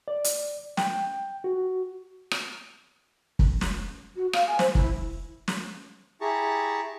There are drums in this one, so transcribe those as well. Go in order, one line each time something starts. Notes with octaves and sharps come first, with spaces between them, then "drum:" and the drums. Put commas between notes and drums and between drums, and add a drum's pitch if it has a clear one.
D5
drum: hi-hat
G5, drum: snare
F#4
drum: rim click
drum: kick
drum: snare
F#4
F5, drum: rim click
G#5
C5, drum: snare
E4, drum: kick
drum: snare
E4 G4 G#4 A5 A#5 C#6